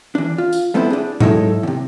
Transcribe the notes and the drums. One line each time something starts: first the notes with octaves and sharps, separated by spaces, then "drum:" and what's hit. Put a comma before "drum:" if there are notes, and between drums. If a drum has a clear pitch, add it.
E3 D4
F4
drum: tambourine
G3 A3 B3 C4 D4 E4
D4 G#4
F#3 G#3 D#4 E4 A4 C#5, drum: tom G#2
E2 C3